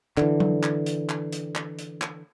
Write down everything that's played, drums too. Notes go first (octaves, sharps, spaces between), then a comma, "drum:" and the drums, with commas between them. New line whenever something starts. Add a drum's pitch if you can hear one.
D3 E3, drum: clap
drum: tom F#3
drum: clap
drum: hi-hat
drum: clap
drum: hi-hat
drum: clap
drum: hi-hat
drum: clap